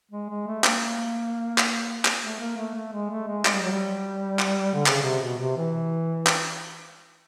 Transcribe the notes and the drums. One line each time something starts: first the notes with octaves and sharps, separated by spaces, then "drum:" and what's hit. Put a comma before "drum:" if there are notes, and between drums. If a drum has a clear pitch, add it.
G#3
G#3
A3
A#3, drum: clap
drum: clap
drum: clap
A3
A#3
A3
A3
G#3
A3
G#3
G#3, drum: clap
G3
F#3
G3
drum: clap
D3
C#3, drum: clap
C3
B2
C3
E3
drum: clap